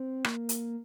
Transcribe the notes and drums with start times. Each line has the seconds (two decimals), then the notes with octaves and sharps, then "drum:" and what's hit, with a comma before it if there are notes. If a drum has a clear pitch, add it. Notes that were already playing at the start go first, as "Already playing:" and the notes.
Already playing: C4
0.24 A#3, drum: rim click
0.49 drum: hi-hat